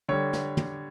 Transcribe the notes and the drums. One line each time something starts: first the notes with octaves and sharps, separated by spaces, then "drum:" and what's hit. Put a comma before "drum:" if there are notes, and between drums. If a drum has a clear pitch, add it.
D3 G3 C#5
drum: snare
drum: tom